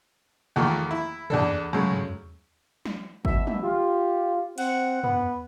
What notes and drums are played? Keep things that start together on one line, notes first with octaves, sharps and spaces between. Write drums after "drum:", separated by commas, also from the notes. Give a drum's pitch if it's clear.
E2 D#3 F3 A3
E4
E2 D4 A4, drum: tom
F#2 C#3 G#3 A3
drum: tom
drum: snare
B2 E5, drum: kick
drum: tom
F4 G4
C4 F#5, drum: cymbal
B3, drum: tom